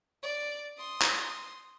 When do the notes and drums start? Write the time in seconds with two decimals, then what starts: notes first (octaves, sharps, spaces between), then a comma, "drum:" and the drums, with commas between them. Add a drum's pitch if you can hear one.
0.23 D5
0.78 C6 D#6
1.02 drum: clap